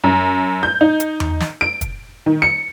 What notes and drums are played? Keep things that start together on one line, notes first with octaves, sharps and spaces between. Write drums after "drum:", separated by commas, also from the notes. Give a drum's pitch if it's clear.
F#2
G6
D#4
drum: hi-hat
drum: tom E2
drum: snare
D7
drum: kick, hi-hat
D#3
C#7